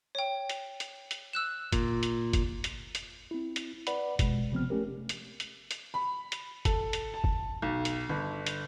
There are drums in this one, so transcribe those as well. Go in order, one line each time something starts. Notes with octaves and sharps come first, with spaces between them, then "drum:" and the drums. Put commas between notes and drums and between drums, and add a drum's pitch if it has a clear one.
C#5 G5
drum: hi-hat
drum: hi-hat
drum: hi-hat
E6 F#6 E7
A#2, drum: kick F#1, hi-hat
drum: hi-hat
drum: kick F#1, hi-hat
drum: hi-hat
drum: hi-hat
C4 E4
drum: hi-hat
B4 D5 F#5 B5, drum: hi-hat
B2 G#3, drum: kick F#1, hi-hat
C3 F3 B3 C4 F6
A3 C#4 G4 A#4
drum: hi-hat
drum: hi-hat
drum: hi-hat
B5
drum: hi-hat
A4, drum: kick F#1, hi-hat
drum: hi-hat
A5
drum: kick F#1
B1
drum: hi-hat
G1
drum: hi-hat